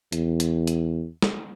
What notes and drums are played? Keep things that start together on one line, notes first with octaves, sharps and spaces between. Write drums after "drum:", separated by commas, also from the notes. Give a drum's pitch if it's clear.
E2, drum: hi-hat
drum: hi-hat
drum: hi-hat
drum: snare